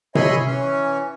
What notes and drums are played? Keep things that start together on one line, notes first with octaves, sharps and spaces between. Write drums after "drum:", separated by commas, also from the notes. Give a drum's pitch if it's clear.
C#5 D#5 E5 G#5 B5 C6, drum: tom C3
E3 C#4